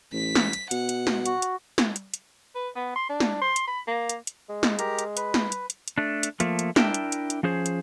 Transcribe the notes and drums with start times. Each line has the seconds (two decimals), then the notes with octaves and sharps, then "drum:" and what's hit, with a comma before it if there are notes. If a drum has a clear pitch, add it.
0.13 A1 B6
0.35 drum: snare
0.53 drum: hi-hat
0.71 B2 F#5, drum: hi-hat
0.89 drum: hi-hat
1.07 drum: snare
1.26 F#4, drum: hi-hat
1.42 drum: hi-hat
1.78 drum: snare
1.96 drum: hi-hat
2.14 drum: hi-hat
2.55 B4
2.76 B3
2.96 C6
3.10 D4
3.20 drum: snare
3.41 C6
3.56 drum: hi-hat
3.68 B5
3.88 A#3
4.09 drum: hi-hat
4.27 drum: hi-hat
4.49 G#3
4.63 drum: snare
4.79 G4 A#4 A#5, drum: hi-hat
4.99 drum: hi-hat
5.17 B4, drum: hi-hat
5.34 drum: snare
5.52 drum: hi-hat
5.70 drum: hi-hat
5.88 drum: hi-hat
5.98 A3 D4
6.23 drum: hi-hat
6.40 F3 A3 A#3, drum: hi-hat
6.59 drum: hi-hat
6.76 D4 E4 A#4 E5 G5 A5, drum: snare
6.94 drum: hi-hat
7.12 drum: hi-hat
7.30 drum: hi-hat
7.43 F3 C#4 G#4 C5
7.66 drum: hi-hat